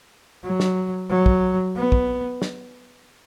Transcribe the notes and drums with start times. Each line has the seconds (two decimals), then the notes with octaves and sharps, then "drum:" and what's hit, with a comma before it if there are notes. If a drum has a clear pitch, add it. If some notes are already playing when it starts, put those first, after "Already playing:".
0.43 F#3
0.60 drum: snare
1.09 F#3
1.26 drum: kick
1.76 B3
1.92 drum: kick
2.42 drum: snare